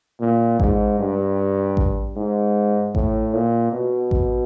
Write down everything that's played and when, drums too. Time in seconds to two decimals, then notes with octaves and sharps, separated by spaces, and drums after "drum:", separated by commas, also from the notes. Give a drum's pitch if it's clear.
0.20 A#2
0.60 G#2, drum: kick A1
0.99 G2
1.77 drum: kick A1
2.16 G#2
2.95 A2, drum: kick A1
3.33 A#2
3.72 B2
4.11 drum: kick A1